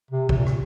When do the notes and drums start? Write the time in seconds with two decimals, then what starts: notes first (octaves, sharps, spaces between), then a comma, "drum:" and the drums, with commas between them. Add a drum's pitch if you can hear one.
0.11 C3
0.29 C3, drum: kick
0.37 A#2
0.46 drum: rim click